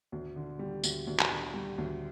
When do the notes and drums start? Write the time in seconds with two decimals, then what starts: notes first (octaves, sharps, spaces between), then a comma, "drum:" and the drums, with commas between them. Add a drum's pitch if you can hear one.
0.12 D2
0.36 D3
0.59 G3
0.84 D2, drum: tambourine
1.07 D2
1.20 drum: clap
1.31 D3
1.54 G3
1.78 D2